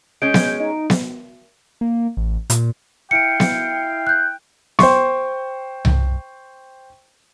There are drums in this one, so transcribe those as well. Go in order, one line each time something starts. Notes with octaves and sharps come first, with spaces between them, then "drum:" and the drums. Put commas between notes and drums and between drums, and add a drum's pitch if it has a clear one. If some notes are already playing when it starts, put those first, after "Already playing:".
G#3 C#4 G6 D7
drum: snare B3
D#4
drum: snare B3
A#3
A1
A#2, drum: hi-hat
E4 F5 G5 C#7 D7
drum: snare B3
F#6 G6
C5 G5 C6 C#6, drum: snare B3
drum: tom C2